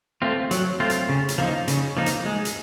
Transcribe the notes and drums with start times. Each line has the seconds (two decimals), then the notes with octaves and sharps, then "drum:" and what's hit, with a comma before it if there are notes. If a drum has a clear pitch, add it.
0.22 A3 C4 F4
0.51 F#3, drum: hi-hat
0.80 A3 C4 F4
0.90 drum: hi-hat
1.09 C#3
1.28 drum: hi-hat
1.38 F3 A#3 D#4
1.68 C#3, drum: hi-hat
1.97 F3 A#3 D#4
2.06 drum: hi-hat
2.26 G#3
2.45 drum: hi-hat